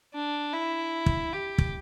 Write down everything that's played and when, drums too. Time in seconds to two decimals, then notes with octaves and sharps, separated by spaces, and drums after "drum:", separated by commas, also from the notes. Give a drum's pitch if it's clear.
0.15 D4
0.54 E4
1.06 drum: kick
1.32 G4
1.58 drum: kick